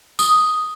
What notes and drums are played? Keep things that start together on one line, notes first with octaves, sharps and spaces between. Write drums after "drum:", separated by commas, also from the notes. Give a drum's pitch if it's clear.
D#6, drum: tambourine